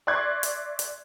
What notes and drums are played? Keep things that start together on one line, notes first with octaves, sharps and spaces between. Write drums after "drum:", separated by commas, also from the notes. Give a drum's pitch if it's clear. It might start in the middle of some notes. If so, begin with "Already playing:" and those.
D5 E5 C6 C#6 F#6 G#6
drum: hi-hat
drum: hi-hat